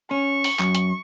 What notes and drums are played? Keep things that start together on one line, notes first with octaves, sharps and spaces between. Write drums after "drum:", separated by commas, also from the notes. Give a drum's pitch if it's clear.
C#4 C#6
drum: open hi-hat
F#2, drum: clap
drum: hi-hat